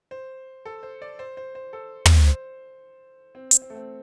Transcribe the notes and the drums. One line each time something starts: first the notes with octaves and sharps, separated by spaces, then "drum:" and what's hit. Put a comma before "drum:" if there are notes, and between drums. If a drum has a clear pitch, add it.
C5
A4
C5
D5
C5
C5
C5
A4
drum: tom
C5
C4
drum: hi-hat
C4
A3
C4